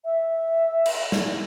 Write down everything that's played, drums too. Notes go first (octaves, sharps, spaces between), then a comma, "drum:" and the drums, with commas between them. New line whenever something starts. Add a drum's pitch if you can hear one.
E5
drum: cymbal
drum: snare